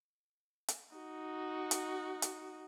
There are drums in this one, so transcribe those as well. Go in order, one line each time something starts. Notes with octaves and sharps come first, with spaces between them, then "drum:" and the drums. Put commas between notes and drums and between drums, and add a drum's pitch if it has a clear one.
drum: hi-hat
D#4 F#4
drum: hi-hat
drum: hi-hat